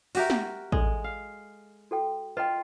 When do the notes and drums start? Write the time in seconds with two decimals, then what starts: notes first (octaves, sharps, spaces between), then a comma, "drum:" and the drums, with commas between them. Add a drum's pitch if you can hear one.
0.15 F#4 G4 A#4 E5 F#5, drum: open hi-hat
0.30 drum: snare
0.72 G#3 A4, drum: kick A1
1.04 F5
1.91 F#4 A4 G5
2.37 F4 B4 D#5 G5